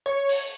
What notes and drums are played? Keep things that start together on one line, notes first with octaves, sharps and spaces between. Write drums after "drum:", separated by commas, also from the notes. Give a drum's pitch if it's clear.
C#5
drum: open hi-hat